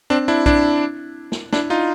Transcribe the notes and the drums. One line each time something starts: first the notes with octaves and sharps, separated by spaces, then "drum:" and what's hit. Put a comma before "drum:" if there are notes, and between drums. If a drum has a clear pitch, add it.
C4 D4
D4 E4
D4 E4, drum: kick B1
drum: snare
D4 E4, drum: snare
D#4 F4